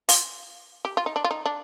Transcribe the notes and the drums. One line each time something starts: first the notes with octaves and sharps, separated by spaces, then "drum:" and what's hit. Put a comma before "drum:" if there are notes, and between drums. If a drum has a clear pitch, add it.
F4, drum: open hi-hat
G4
F4
D#4
D4
F4
D#4
D4